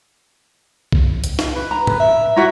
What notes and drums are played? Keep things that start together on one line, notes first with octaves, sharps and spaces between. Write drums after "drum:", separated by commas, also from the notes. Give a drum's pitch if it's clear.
drum: kick B1
drum: hi-hat
drum: snare
B4
A#5
B4, drum: tom
E5
E4 F#4 E5 A#5